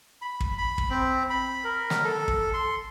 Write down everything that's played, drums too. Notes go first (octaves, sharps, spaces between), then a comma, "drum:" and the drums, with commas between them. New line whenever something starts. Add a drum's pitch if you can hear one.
B5
drum: kick
B5
drum: kick
C4
B5
A#4
drum: snare
A4
drum: kick
C6